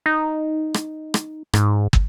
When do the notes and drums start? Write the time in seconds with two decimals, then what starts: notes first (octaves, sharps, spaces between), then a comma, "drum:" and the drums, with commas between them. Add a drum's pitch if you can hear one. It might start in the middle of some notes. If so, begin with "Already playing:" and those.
0.06 D#4
0.74 drum: rim click
1.14 drum: rim click
1.53 G#2, drum: rim click
1.93 drum: kick